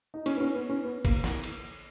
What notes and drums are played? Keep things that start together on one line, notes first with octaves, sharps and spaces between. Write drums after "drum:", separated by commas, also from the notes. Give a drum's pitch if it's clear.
D#4
C#4, drum: cymbal
B3
C#4
B3
C#4
B3
A#3, drum: kick, cymbal
drum: snare
drum: cymbal